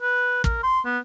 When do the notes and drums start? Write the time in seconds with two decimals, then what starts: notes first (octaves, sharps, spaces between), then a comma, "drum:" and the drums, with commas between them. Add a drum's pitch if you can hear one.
0.02 B4
0.44 A#4, drum: kick
0.63 C6
0.85 B3